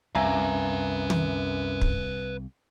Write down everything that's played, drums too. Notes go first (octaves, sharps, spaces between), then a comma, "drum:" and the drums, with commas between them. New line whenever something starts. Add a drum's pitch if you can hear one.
C2 F#2 B4 E5 F5 G#5 A#5
drum: tom
drum: kick